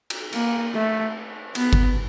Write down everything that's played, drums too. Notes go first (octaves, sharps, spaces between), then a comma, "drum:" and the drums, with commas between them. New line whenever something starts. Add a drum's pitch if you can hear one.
drum: cymbal
A#3, drum: cymbal
A3
B3, drum: cymbal
drum: kick G1